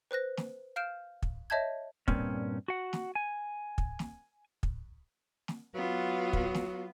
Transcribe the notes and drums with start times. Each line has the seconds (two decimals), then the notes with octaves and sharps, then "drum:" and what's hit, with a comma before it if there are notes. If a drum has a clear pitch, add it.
0.11 B4 C5 F#6 A#6
0.37 drum: snare
0.76 F5 F6 G6 D7 E7
1.22 drum: kick
1.50 C#5 D#5 E5 A5 G6 G#6
2.08 G2 A#2 C4 C#4, drum: kick
2.68 F#4 F#5
2.93 drum: snare
3.15 G#5
3.78 drum: kick
3.99 drum: snare
4.63 drum: kick
5.48 drum: snare
5.75 F#3 B3 F4
6.33 drum: kick
6.54 drum: snare